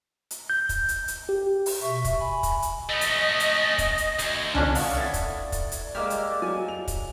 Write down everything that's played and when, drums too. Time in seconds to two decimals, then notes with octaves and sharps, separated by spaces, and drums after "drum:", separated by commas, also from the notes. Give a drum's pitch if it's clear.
0.31 drum: hi-hat
0.50 G6
0.69 drum: kick, hi-hat
0.89 drum: hi-hat
1.08 drum: hi-hat
1.29 G4
1.66 drum: open hi-hat
1.82 B2 E5 C#6
2.04 drum: kick, hi-hat
2.19 G#5 B5
2.43 drum: kick, hi-hat
2.62 drum: hi-hat
2.89 A3 C#4 D#5
3.01 drum: hi-hat
3.40 drum: hi-hat
3.78 drum: kick, hi-hat
3.98 drum: hi-hat
4.19 D2, drum: hi-hat
4.55 F2 C#4 D4, drum: tom C#2
4.75 B3 D5 F5 A5 C#6, drum: open hi-hat
4.96 E4 A4 G#6 A6
5.14 drum: kick, hi-hat
5.52 drum: kick, hi-hat
5.72 drum: hi-hat
5.95 G#3 A#3 G4 D6 E6 F6
6.10 drum: hi-hat
6.42 F#3 G#5 A5
6.68 F7
6.88 drum: kick, hi-hat